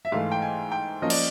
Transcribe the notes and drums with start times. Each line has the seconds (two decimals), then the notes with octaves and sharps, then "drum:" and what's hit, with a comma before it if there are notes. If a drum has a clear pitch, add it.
0.05 E5
0.12 G#2 E3 A3 F5
0.31 G5
0.42 G#5
0.71 G5
1.02 F3 A#3 C#4 D#5
1.10 D5, drum: cymbal